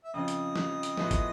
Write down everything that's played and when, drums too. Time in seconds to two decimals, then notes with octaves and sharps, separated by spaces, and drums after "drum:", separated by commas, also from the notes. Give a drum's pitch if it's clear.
0.04 E5
0.14 F2 C#3 F3 D#5
0.28 drum: hi-hat
0.56 drum: snare
0.83 drum: hi-hat
0.97 A2 F3 G#3 B3, drum: snare
1.11 drum: kick, hi-hat